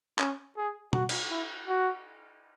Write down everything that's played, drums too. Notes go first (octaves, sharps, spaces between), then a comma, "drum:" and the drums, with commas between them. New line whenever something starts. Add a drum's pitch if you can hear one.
C#4, drum: clap
G#4
F#4, drum: tom
drum: cymbal
E4
F#4